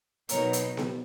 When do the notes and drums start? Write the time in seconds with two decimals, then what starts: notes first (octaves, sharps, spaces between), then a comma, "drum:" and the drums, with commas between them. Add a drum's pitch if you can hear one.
0.29 B2 F#3 B3 D#4 A#4 C#5, drum: hi-hat
0.53 drum: hi-hat
0.77 drum: snare B3